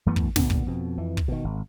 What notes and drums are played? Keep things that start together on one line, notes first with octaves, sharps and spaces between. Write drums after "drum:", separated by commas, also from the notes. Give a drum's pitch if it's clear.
F#2 E3 A3 B3
drum: kick
A#2 D3 B3, drum: snare
drum: kick
F2 B2
F2 E3
drum: kick
B2 D#3
G#1